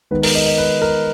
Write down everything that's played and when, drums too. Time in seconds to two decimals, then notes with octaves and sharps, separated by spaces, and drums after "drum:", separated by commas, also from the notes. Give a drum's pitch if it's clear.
0.11 D#3 G#3 B3 B4
0.23 A#4, drum: open hi-hat
0.35 D#5
0.46 D#5
0.58 B4
0.82 A#4